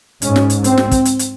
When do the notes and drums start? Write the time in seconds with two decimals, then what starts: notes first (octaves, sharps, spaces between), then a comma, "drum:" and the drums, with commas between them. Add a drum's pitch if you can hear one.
0.22 G#2 C#4, drum: hi-hat
0.36 drum: snare
0.50 drum: hi-hat
0.64 C4, drum: hi-hat
0.78 drum: snare
0.91 drum: kick, hi-hat
1.05 drum: hi-hat
1.19 drum: hi-hat